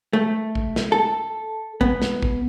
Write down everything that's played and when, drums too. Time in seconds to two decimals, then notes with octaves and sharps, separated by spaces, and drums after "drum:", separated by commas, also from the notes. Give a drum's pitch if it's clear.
0.13 A3
0.55 drum: kick A1
0.76 drum: snare
0.92 A4
1.81 B3, drum: kick A1
2.02 drum: snare
2.22 drum: kick A1